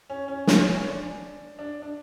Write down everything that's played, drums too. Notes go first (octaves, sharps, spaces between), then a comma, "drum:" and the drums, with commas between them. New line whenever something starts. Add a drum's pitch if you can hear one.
C#4
C#4
C#4, drum: snare
C#4
C#4
D4
D4
D4